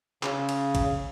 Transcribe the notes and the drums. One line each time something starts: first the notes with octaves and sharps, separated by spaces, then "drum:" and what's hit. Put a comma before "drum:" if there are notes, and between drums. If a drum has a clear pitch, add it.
C#3, drum: clap
drum: cymbal
drum: kick, cymbal